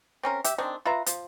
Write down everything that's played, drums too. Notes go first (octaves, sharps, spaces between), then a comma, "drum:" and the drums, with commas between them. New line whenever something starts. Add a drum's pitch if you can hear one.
C4 C#4 A#4
G4 E5, drum: hi-hat
D#3 G#3 C4 D4
F4 B4 E5 A#5
F3, drum: hi-hat